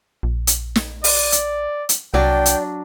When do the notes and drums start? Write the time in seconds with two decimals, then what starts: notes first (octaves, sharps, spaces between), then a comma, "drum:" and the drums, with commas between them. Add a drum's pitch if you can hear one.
0.23 A#1
0.47 drum: hi-hat
0.76 drum: snare
1.04 D5, drum: open hi-hat
1.32 drum: hi-hat
1.89 drum: hi-hat
2.14 C2 F#3 D4 D5 G5
2.46 drum: hi-hat